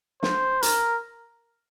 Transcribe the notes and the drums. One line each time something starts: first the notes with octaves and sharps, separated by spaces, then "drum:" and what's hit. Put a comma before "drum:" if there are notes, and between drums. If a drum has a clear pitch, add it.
C5, drum: snare
A#4, drum: hi-hat